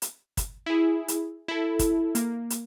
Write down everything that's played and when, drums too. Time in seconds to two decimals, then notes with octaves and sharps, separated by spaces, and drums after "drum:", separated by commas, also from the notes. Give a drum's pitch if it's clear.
0.02 drum: hi-hat
0.37 drum: kick, hi-hat
0.66 E4 G#4
1.08 drum: hi-hat
1.48 E4 A4
1.79 drum: kick, hi-hat
2.15 A#3, drum: hi-hat
2.50 drum: hi-hat